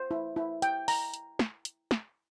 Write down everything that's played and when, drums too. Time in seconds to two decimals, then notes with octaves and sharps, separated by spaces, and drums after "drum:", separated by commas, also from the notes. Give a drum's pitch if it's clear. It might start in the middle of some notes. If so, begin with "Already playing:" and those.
Already playing: C5
0.11 E4
0.36 E4
0.62 G5, drum: hi-hat
0.88 A#5, drum: open hi-hat
1.14 drum: hi-hat
1.39 drum: snare
1.65 drum: hi-hat
1.91 drum: snare